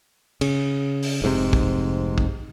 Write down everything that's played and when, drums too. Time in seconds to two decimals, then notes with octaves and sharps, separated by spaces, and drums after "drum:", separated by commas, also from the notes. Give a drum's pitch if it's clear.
0.41 C#3, drum: cymbal
1.03 drum: open hi-hat
1.22 F1 G#2 C3
1.53 drum: kick
2.18 drum: kick